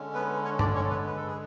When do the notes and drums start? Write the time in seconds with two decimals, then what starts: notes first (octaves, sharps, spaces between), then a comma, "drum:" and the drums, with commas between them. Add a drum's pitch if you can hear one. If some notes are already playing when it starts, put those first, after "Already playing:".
Already playing: D3 G#3 C#4
0.14 B3 B4
0.44 C#4 C#5
0.59 D4 D5, drum: tom G2
0.75 C#4 C#5
0.90 B3 B4
1.06 B4
1.17 A4
1.27 G#4